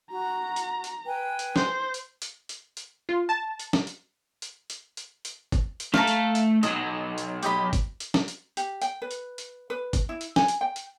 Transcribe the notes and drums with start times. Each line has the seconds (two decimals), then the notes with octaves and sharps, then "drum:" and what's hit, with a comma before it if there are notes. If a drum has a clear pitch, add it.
0.11 F#4 A#5
0.56 drum: hi-hat
0.84 drum: hi-hat
1.05 B4 G5 G#5
1.39 drum: hi-hat
1.56 C5, drum: snare
1.94 drum: hi-hat
2.22 drum: hi-hat
2.49 drum: hi-hat
2.77 drum: hi-hat
3.09 F4
3.29 A5
3.59 drum: hi-hat
3.73 drum: snare
3.87 drum: hi-hat
4.42 drum: hi-hat
4.70 drum: hi-hat
4.97 drum: hi-hat
5.25 drum: hi-hat
5.52 drum: kick, hi-hat
5.80 drum: hi-hat
5.94 A3 F5 A5 A#5, drum: snare
6.07 drum: hi-hat
6.35 drum: hi-hat
6.63 B1 F#3 D#5, drum: hi-hat
7.18 drum: hi-hat
7.43 G4 D#5 B5, drum: hi-hat
7.73 drum: kick, hi-hat
8.00 drum: hi-hat
8.14 drum: snare
8.28 drum: hi-hat
8.57 G4, drum: hi-hat
8.82 G5, drum: hi-hat
9.02 B4
9.11 drum: hi-hat
9.38 drum: hi-hat
9.70 B4
9.93 drum: kick, hi-hat
10.09 E4
10.21 drum: hi-hat
10.36 G#5, drum: snare
10.48 drum: hi-hat
10.61 G5
10.76 drum: hi-hat